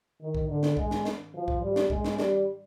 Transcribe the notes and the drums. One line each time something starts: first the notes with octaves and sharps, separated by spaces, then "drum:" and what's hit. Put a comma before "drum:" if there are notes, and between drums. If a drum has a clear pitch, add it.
D#3
drum: kick
D3
drum: snare
G#3, drum: kick
drum: snare
drum: snare
F3
drum: kick
G3
drum: snare
G#3, drum: kick
drum: snare
G3, drum: snare